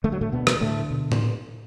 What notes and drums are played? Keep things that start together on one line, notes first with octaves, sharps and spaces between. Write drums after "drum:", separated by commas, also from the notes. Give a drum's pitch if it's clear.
D3 A3
F#3
A2 A3
D2 B2 B3
drum: rim click
A2 D3 A3
B2
drum: tom A2